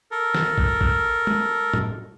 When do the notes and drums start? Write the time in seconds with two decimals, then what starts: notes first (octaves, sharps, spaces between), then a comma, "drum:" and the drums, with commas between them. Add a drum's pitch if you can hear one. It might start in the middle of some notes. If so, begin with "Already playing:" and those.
0.11 A4 A#4
0.34 drum: snare
0.58 drum: kick
0.81 drum: kick
1.27 drum: tom
1.74 drum: tom